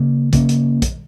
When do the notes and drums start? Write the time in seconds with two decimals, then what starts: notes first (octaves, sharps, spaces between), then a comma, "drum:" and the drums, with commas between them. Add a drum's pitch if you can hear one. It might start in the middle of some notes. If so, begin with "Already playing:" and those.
Already playing: C#3 A#3 C#4
0.33 C#3 A#3 C#4, drum: kick, hi-hat
0.49 drum: hi-hat
0.82 drum: kick, hi-hat